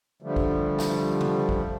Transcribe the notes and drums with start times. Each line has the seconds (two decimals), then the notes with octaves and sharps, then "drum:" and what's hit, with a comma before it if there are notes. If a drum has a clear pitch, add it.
0.22 D3 F3 G3 A3
0.36 drum: kick
0.79 drum: snare
1.21 drum: tom C3
1.49 drum: kick